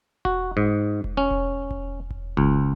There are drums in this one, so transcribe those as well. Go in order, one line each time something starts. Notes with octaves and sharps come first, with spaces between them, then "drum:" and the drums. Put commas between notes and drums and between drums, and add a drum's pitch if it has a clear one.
F#4, drum: kick E1
G#2
drum: kick E1
C#4
drum: kick E1
drum: kick E1
drum: kick E1
C#2, drum: kick E1